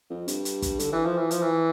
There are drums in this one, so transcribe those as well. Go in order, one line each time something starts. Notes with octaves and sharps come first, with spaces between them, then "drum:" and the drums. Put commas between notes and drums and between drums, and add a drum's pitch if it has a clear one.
F2
G2, drum: hi-hat
drum: hi-hat
drum: kick, hi-hat
D3, drum: hi-hat
E3
F3
E3
F3, drum: hi-hat
E3